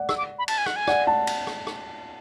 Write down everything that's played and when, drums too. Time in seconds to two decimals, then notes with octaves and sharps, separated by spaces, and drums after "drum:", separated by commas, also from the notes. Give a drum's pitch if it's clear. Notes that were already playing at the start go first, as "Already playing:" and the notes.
Already playing: D5 F#5
0.09 E6, drum: rim click
0.18 D6
0.39 B5
0.48 A5, drum: cymbal
0.58 G#5
0.66 F#5, drum: rim click
0.76 G#5
0.87 D5 F#5, drum: rim click
1.07 F#5 A5
1.27 drum: cymbal
1.47 drum: rim click
1.67 drum: rim click